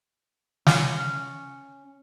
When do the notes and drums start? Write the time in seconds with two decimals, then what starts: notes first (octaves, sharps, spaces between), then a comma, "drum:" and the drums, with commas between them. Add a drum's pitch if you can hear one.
0.67 C#4, drum: snare